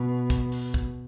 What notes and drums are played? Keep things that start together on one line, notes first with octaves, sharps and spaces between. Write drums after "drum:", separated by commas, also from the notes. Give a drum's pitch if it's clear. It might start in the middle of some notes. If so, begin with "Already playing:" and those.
Already playing: B2
drum: kick, hi-hat
drum: open hi-hat
drum: kick, hi-hat